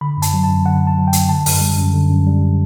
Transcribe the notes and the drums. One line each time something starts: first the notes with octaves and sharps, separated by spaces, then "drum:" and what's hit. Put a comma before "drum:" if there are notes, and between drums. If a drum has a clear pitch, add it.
D3 B5
F#2
A5, drum: hi-hat
F#3
A5
F#2
D3 F#5
F#2
A5
F#3
G5
F#2, drum: hi-hat
D3 A5
F#2, drum: open hi-hat
G3
F#2
D3
F#2
G3